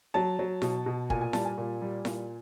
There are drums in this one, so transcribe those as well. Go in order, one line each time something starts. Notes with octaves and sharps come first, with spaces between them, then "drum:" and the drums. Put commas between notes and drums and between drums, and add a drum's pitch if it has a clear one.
F#3 A5
F#3
B2, drum: snare E4
B2
A#2 G#5, drum: kick
G#5
G3 A5, drum: snare E4
G#5
A#2
G3
A#2, drum: snare E4